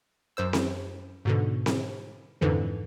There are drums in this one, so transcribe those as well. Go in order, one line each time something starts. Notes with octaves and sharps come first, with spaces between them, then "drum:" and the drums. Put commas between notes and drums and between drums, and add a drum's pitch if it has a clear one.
F#2 C5 E6
drum: snare C4
G#2 B2 D3
drum: snare C4
F2 G#2 D3 E3 F3